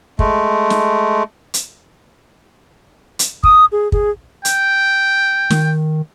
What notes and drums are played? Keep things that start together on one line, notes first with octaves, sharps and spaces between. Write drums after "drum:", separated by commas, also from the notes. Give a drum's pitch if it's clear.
G#3 A3, drum: kick
drum: snare
drum: hi-hat
drum: hi-hat
D#6, drum: kick
G#4
G#4, drum: kick
G5, drum: hi-hat
D#3, drum: snare